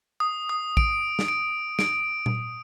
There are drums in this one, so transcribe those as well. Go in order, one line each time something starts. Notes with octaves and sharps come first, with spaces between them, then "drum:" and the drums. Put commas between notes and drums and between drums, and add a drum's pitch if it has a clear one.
D#6
D#6
D7, drum: kick A#1
drum: snare
D7
D7, drum: snare
drum: tom A#2